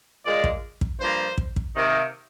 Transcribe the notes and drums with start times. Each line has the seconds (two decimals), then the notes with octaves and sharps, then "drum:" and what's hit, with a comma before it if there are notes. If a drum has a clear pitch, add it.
0.25 A#2 G#3 D5
0.44 drum: kick
0.81 drum: kick
1.00 G2 F3 A#3 C5
1.38 drum: kick
1.56 drum: kick
1.76 C3 D#3 A#3